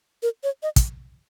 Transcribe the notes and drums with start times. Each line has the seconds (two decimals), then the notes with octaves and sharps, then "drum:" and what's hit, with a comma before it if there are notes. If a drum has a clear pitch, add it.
0.23 A#4
0.43 C#5
0.63 D#5
0.76 drum: kick, hi-hat